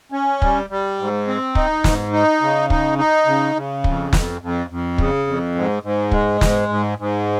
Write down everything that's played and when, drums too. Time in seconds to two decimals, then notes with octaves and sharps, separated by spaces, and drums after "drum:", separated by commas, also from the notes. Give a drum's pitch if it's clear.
0.12 C#4
0.42 G3, drum: kick
0.70 G3
0.99 G#2
1.27 C4
1.55 D#4, drum: kick
1.84 G#2, drum: snare
2.13 D#4
2.41 C#3
2.70 D#4, drum: kick
2.98 D#4
3.26 C#3
3.55 C#3
3.84 F2, drum: kick
4.13 F2, drum: snare
4.41 F2
4.70 F2
4.98 C#3, drum: kick
5.27 F2
5.55 G#2
5.83 G#2
6.12 G#3, drum: kick
6.41 G#2, drum: snare
6.69 G#2
6.98 G#2